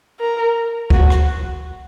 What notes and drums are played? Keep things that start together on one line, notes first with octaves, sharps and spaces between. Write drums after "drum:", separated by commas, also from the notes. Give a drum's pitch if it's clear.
A#4
F#4, drum: kick
drum: rim click